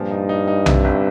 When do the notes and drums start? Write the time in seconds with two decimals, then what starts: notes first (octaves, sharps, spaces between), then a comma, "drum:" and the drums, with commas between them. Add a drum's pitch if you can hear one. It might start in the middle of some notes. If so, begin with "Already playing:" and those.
Already playing: G2 A#2 F3
0.11 D#4
0.29 D#4
0.48 D#4
0.66 C3, drum: tom B1
0.84 G1